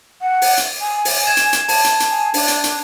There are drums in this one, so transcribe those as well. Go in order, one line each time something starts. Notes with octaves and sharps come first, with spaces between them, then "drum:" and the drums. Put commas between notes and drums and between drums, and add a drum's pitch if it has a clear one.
F#5
drum: open hi-hat
drum: hi-hat
G#5
drum: open hi-hat
G#6 E7
drum: hi-hat
drum: hi-hat
A5, drum: open hi-hat
drum: hi-hat
drum: hi-hat
G#5
D4, drum: open hi-hat
drum: hi-hat
drum: hi-hat